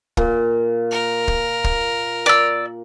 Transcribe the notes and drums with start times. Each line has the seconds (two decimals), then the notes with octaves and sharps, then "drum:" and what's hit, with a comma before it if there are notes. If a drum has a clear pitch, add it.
0.17 A#2, drum: kick
0.91 A#4
1.28 drum: kick
1.64 drum: kick
2.26 D5 E6